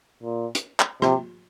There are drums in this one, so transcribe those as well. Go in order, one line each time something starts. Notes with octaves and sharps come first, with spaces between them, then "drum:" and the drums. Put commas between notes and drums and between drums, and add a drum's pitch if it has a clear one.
A#2
drum: hi-hat
drum: clap
C3, drum: rim click